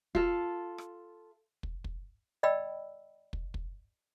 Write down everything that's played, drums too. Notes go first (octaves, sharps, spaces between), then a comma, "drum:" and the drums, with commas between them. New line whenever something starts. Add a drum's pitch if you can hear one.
F4 A4, drum: kick
drum: rim click
drum: kick
drum: kick
D5 D#5 G5 B5 E6
drum: kick
drum: kick